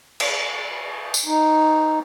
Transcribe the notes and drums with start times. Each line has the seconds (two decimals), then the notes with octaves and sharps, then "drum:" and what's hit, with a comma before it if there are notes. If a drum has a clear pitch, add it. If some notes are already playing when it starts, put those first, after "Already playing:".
0.20 drum: cymbal
1.14 drum: tambourine
1.26 D#4